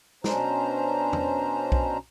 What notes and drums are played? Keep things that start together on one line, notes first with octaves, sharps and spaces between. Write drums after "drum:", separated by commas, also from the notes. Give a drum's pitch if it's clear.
B2 C#4 D4 C5 A#5, drum: snare
drum: tom E2
drum: kick B1